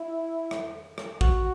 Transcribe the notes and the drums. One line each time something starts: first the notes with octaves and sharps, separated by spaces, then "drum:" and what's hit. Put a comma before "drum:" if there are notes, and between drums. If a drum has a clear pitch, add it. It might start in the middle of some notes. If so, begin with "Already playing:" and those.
Already playing: E4
drum: rim click
drum: rim click
F#4, drum: kick A1